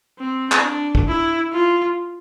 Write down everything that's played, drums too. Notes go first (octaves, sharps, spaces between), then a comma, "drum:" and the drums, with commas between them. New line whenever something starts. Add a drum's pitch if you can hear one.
C4
drum: clap
D4
drum: kick
E4
F4